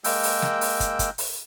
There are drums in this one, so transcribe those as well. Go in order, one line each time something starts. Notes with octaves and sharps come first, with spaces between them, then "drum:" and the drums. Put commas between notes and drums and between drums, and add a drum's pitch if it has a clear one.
G#3 A#3 G5 E6, drum: open hi-hat
drum: open hi-hat
drum: snare
drum: open hi-hat
drum: kick, hi-hat
drum: kick, hi-hat
drum: open hi-hat